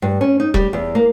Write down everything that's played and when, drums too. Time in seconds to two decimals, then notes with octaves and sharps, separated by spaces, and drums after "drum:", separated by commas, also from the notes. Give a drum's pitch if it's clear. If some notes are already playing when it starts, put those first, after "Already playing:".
0.02 G2
0.21 C#4
0.40 D#4
0.54 G3, drum: kick E1
0.73 E2
0.95 A#3